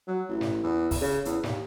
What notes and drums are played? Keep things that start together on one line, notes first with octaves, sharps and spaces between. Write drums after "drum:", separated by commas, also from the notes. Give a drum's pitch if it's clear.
F#3
A1
drum: snare
E2
drum: kick, open hi-hat
C#3
E2, drum: hi-hat
D#2, drum: snare